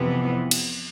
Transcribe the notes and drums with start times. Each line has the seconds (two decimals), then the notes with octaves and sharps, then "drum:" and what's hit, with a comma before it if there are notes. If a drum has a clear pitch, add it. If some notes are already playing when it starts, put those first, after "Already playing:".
Already playing: F2 C3 E3 B3
0.51 drum: cymbal